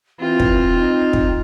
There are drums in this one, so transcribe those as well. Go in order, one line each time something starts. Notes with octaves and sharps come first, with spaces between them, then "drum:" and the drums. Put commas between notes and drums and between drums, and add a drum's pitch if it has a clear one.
E3 C4 F4
drum: kick
D#4
drum: kick